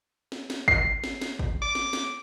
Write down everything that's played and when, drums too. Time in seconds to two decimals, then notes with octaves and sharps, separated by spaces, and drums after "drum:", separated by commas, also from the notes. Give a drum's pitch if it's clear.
0.32 drum: snare
0.50 drum: snare
0.68 C7, drum: kick
1.04 drum: snare
1.21 drum: snare
1.39 drum: kick
1.62 D6
1.75 drum: snare
1.93 drum: snare